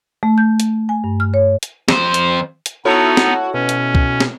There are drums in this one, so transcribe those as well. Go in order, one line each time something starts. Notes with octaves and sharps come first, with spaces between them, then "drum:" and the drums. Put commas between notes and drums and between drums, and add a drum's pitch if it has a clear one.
A3
G6
drum: hi-hat
G#5
G2
F6
C#5
drum: hi-hat
F2 C5, drum: snare
drum: hi-hat
drum: hi-hat
B3 D#4 E4 F#4 A4 C#5
drum: snare
B2 C#4
drum: hi-hat
drum: kick C2
drum: snare